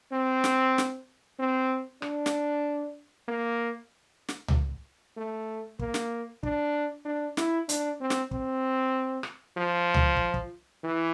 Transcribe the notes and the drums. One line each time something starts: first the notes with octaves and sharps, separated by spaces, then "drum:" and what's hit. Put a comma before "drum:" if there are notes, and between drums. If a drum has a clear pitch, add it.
C4
drum: snare
drum: snare
C4
D4, drum: rim click
drum: snare
A#3
drum: snare
drum: tom C#2
A3
A#3, drum: kick
drum: snare
D4, drum: kick
D4
E4, drum: snare
D4, drum: hi-hat
C4
drum: snare
C4, drum: kick
drum: rim click
F3
drum: tom C#2
drum: kick
drum: kick
E3